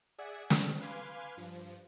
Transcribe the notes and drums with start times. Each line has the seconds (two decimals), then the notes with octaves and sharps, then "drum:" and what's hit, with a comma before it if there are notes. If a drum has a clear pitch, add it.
0.18 G#4 D5 E5 F#5 G#5
0.50 B2 G3 G#3 C4 A4, drum: snare
0.81 B4 F5 G#5 C6 D6 G#6
1.37 G2 F3